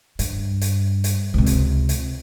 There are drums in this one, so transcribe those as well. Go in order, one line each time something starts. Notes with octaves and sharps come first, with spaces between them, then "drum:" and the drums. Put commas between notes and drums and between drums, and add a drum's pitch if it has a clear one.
G2, drum: hi-hat
drum: hi-hat
drum: hi-hat
C#2 C3
drum: hi-hat
drum: hi-hat